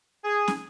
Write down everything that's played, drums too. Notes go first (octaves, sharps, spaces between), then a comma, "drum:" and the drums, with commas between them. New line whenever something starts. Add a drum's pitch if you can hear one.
G#4
drum: snare